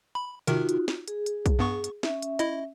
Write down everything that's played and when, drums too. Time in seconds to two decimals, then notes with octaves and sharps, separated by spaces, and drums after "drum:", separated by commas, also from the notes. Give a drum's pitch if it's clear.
0.15 B5
0.47 C3 D#3 D#4 F4 F#4 A#4, drum: hi-hat
0.69 drum: hi-hat
0.88 drum: snare
1.08 G#4, drum: hi-hat
1.26 drum: hi-hat
1.46 drum: kick B1, hi-hat
1.59 G2 B3 C#6
1.84 drum: hi-hat
2.03 C#4 E5, drum: snare
2.22 drum: hi-hat
2.39 E4 D#5, drum: hi-hat